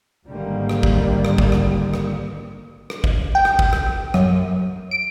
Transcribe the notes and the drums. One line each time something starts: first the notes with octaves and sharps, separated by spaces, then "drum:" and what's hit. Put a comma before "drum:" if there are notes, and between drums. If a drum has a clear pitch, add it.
G#1 G#2 D3 D#3 G3 A#3
drum: rim click
drum: kick
drum: rim click
drum: kick
drum: rim click
drum: rim click
drum: rim click
drum: kick
G5
drum: rim click
drum: kick
drum: rim click
F#2, drum: rim click
D7